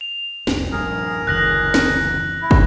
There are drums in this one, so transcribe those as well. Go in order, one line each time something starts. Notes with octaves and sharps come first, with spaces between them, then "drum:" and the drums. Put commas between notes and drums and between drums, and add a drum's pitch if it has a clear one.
F7
F1 C2, drum: snare
A#1 G2 G#4 A#4
F#1 D2 E3 F#6 A#6 F#7
drum: snare
E4
drum: kick